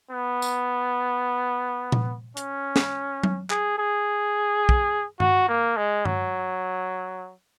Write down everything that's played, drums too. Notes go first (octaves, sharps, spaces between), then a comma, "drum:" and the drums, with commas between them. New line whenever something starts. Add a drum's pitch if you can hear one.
B3
drum: tambourine
drum: tom A#2
C#4, drum: hi-hat
drum: snare
drum: tom F#3
G#4, drum: clap
G#4
drum: kick
F#4, drum: tom G2
A#3
G#3
F#3, drum: tom G2